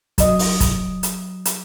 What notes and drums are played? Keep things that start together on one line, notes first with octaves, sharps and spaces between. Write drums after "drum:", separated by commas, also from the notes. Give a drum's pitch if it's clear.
F#3 D#5, drum: kick, hi-hat
drum: open hi-hat
drum: kick, hi-hat
drum: hi-hat
drum: hi-hat